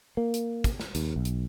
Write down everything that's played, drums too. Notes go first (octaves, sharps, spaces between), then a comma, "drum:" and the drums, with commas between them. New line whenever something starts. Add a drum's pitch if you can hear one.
A#3
drum: hi-hat
drum: kick, hi-hat
drum: snare
D#2, drum: hi-hat
B1
drum: hi-hat